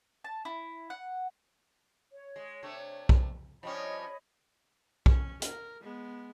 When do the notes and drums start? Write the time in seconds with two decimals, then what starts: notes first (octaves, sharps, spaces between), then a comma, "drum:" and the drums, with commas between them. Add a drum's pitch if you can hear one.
0.24 A5
0.45 E4
0.90 F#5
2.12 C#5
2.36 G#3
2.63 C3 A3 D4
3.09 drum: kick B1
3.63 F3 G3 C#4 C#5 D#5 B5
5.06 C#4, drum: kick B1
5.42 A#4, drum: hi-hat
5.82 G#3 B3